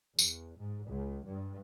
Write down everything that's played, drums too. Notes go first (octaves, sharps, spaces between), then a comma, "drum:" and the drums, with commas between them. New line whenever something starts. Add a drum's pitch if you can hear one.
E2, drum: tambourine
G#2
C#2
G2